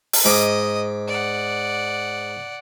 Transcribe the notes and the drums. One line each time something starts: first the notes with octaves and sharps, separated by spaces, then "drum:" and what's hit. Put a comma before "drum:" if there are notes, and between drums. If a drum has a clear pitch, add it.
drum: open hi-hat
G#2 D#5 D6 D#6
D5 F#5